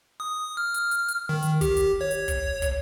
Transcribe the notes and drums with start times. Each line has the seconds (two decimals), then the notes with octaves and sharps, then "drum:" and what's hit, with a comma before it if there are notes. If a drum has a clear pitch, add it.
0.20 D#6
0.57 F6
0.74 drum: hi-hat
0.91 drum: hi-hat
1.08 drum: hi-hat
1.29 D#3
1.43 drum: hi-hat
1.61 G4, drum: kick, hi-hat
1.77 drum: hi-hat
2.01 C#5
2.11 drum: hi-hat
2.28 drum: kick, hi-hat
2.62 drum: kick, hi-hat